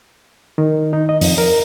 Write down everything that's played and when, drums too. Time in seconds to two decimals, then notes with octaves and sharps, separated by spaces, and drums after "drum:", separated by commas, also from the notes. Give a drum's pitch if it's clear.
0.58 D#3
0.93 D#4
1.09 D#5
1.21 F2, drum: open hi-hat
1.38 A#4